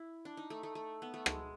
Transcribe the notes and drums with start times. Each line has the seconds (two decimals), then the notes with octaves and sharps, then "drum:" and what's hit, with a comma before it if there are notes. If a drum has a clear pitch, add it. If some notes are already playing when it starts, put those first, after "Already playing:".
Already playing: E4
0.25 D4
0.37 D#4
0.50 A3
0.63 A3
0.75 A3
1.02 B3
1.14 A3
1.26 G#3, drum: rim click